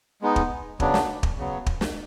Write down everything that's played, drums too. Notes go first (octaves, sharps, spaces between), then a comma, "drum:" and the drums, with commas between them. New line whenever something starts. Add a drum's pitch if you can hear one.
G#3 B3 D#4
drum: kick
C#3 F#3 B3 D4, drum: kick
drum: snare
drum: kick
C#3 F#3 B3
drum: kick
drum: snare